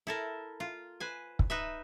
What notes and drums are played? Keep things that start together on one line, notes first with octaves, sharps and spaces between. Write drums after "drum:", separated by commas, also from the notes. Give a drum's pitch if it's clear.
E4 A4 A#4
F4
B4 C5 G#5
drum: kick
D#4 B4 E5